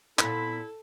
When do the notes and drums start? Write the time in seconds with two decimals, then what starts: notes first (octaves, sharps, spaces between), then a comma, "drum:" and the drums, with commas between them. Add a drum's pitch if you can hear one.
0.19 A#2 B3 C4 E4 A4 B5, drum: clap